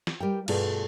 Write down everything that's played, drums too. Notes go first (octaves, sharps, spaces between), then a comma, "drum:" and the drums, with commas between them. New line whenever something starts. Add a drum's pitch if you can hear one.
drum: snare
G3 A#4 G5
G2 B2 A3 F4 G#4 D5, drum: cymbal